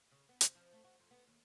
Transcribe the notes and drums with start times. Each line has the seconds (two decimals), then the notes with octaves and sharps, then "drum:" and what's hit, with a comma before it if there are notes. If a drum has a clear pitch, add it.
0.11 C#3
0.29 B3
0.41 C3, drum: hi-hat
0.55 F3
0.73 A3
0.84 F#4
0.99 F2
1.11 B3
1.27 D#2